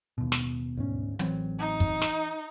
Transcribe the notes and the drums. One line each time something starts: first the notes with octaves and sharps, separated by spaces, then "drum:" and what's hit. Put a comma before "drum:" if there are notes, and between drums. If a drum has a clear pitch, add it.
D#2 B2
drum: snare
D2 G#2 C#4
A1 E3 F#3 C4, drum: hi-hat
D#4
drum: kick
drum: snare